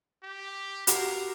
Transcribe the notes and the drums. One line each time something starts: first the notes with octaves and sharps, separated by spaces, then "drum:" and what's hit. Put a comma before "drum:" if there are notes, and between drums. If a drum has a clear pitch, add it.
G4
F#4 G4 A#4 C7, drum: hi-hat